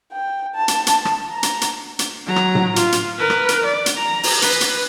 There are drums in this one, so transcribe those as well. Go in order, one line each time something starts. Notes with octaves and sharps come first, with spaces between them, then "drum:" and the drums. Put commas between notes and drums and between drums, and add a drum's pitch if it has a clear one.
G5
A5
drum: hi-hat
drum: hi-hat
drum: rim click
A#5
drum: hi-hat
drum: hi-hat
drum: hi-hat
F#3 A#5
drum: rim click
drum: tom A2
F4, drum: hi-hat
drum: hi-hat
A#4 B4
drum: rim click
drum: hi-hat
D5
drum: hi-hat
A#5
drum: open hi-hat
B4, drum: hi-hat
drum: hi-hat